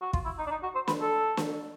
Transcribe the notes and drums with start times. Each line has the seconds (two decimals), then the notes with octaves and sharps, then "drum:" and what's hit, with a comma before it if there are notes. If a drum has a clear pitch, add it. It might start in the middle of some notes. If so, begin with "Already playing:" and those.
0.02 F#4
0.13 F4, drum: kick
0.25 E4
0.38 D#4
0.46 D4
0.51 D#4
0.63 F#4
0.75 C5
0.88 B4, drum: snare
1.01 A4
1.37 drum: snare